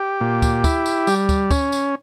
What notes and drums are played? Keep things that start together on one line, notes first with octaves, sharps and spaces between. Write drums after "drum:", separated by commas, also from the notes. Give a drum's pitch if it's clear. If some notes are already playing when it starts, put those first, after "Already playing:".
Already playing: G4
A#2
drum: kick, tambourine
E4, drum: kick, tambourine
drum: tambourine
G3, drum: tambourine
drum: kick, tambourine
C#4, drum: kick, tambourine
drum: tambourine